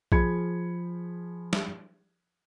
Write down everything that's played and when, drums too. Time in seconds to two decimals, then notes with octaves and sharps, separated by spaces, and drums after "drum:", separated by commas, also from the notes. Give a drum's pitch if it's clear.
0.12 F3 G#4 B5 G#6 C#7, drum: kick B1
1.53 drum: snare